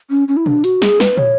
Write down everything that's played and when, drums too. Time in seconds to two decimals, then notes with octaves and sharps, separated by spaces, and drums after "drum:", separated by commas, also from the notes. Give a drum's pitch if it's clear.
0.10 C#4
0.28 C#4
0.37 E4
0.46 D4, drum: tom B2
0.64 F#4, drum: hi-hat
0.82 G#4, drum: snare
1.00 B4, drum: snare
1.17 C#5, drum: tom